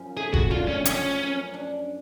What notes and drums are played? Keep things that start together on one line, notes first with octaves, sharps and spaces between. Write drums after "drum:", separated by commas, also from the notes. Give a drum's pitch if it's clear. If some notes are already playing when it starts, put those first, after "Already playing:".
Already playing: F#2 F3
A3 G#4
F#4, drum: kick F1
D4 F4
C#4
F3 C#4, drum: hi-hat
F#2
D4